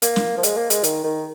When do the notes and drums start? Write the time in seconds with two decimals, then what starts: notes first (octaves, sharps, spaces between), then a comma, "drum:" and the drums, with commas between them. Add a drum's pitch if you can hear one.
0.02 A#3, drum: hi-hat
0.16 drum: snare
0.37 F3
0.43 G#3, drum: hi-hat
0.57 A#3
0.70 G#3, drum: hi-hat
0.83 D#3, drum: hi-hat
1.04 D#3